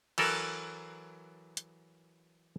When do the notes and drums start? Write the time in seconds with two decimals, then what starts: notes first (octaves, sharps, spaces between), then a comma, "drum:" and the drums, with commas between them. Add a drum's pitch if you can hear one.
0.18 E3 F#3 A4 A#4, drum: cymbal
1.57 drum: hi-hat